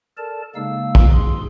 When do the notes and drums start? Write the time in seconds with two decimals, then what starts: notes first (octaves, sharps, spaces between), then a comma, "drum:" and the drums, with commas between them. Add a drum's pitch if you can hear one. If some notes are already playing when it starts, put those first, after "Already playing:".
0.17 A4 A#4 D5 A5
0.55 C#3 G#3 A#3 D#4 F5 E6
0.95 drum: kick
1.12 G#2 G#4 C6